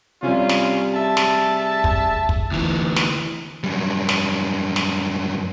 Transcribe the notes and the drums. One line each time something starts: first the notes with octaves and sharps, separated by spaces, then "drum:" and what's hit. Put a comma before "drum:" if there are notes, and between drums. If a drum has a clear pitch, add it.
C3 G3 C#4 F4
drum: snare
G#4 E5 A5
drum: snare
drum: kick
drum: kick
D2 E3
drum: snare
F#2 G3
drum: snare
drum: snare